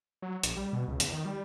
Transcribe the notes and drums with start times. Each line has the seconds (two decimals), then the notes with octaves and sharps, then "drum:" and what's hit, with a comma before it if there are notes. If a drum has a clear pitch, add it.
0.22 F#3
0.43 A#1, drum: hi-hat
0.57 G3
0.73 B2
0.88 C#2
1.00 E2, drum: hi-hat
1.13 D#3
1.25 G3